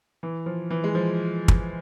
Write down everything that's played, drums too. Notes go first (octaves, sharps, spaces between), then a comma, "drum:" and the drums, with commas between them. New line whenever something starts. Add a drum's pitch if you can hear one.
E3
F3
E3
G#3
F3
drum: kick